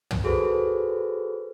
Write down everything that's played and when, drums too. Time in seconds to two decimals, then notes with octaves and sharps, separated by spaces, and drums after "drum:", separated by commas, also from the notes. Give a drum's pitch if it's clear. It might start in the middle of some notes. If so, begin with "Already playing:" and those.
0.11 drum: tom
0.24 F#4 G#4 A4 B4 C5